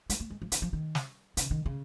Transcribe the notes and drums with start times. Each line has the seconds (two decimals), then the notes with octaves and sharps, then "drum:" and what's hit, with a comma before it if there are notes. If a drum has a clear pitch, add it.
0.10 G#3, drum: hi-hat
0.20 A#3
0.30 G#3
0.42 F3
0.52 D#3, drum: hi-hat
0.62 F3
0.73 D#3
0.95 drum: snare
1.37 C#3, drum: hi-hat
1.51 D#3
1.66 C#3